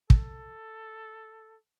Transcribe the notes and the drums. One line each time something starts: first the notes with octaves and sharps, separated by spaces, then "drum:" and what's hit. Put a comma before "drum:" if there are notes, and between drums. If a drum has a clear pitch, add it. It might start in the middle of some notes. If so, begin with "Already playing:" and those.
A4, drum: kick